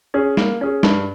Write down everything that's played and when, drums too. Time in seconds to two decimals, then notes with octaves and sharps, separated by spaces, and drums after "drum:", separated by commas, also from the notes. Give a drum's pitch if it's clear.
0.14 C#4 G#4
0.37 A#3, drum: snare
0.61 C#4 G#4
0.83 G2, drum: snare